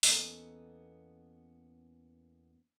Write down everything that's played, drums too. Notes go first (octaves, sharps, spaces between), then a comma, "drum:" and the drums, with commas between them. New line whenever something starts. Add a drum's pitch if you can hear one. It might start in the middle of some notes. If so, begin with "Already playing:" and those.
E2 A#3 B3 C#4 A4 D#5, drum: open hi-hat